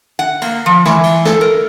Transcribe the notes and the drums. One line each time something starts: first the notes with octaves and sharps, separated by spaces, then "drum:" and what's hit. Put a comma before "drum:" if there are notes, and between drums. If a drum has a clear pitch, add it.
F#5
A#3, drum: cymbal
F3
E3, drum: snare
drum: cymbal
A4, drum: snare
A#4